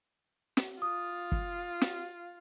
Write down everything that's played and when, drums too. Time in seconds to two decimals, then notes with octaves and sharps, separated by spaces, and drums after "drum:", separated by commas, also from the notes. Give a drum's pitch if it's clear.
0.57 drum: snare
0.82 F4 D#6
1.32 drum: kick
1.82 drum: snare